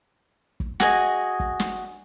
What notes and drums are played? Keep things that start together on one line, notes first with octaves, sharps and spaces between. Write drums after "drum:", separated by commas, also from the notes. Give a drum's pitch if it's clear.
drum: kick
F#4 G#4 D#5, drum: snare
drum: kick
drum: snare